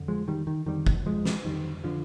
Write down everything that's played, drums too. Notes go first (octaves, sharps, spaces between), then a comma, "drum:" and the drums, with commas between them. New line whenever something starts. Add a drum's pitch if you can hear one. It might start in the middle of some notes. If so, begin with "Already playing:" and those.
Already playing: F2 D3
F3 G#3
D#3 G3
D#3
F2 D3 D#3 G3
drum: kick
F3 G#3
drum: snare
F2 D3 D#3 G3
D3 F3